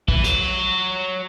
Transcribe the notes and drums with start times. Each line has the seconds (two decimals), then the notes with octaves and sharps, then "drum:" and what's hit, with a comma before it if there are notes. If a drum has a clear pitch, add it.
0.08 E3, drum: kick
0.24 F#3, drum: hi-hat